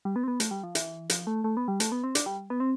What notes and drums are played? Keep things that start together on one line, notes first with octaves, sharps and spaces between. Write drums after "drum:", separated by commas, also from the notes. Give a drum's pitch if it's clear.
G3
B3
C4
B3
A3, drum: hi-hat
G3
F3
E3, drum: hi-hat
F3, drum: hi-hat
A3
A3
B3
G3
A3, drum: hi-hat
B3
C4
D4, drum: hi-hat
G3
B3
C4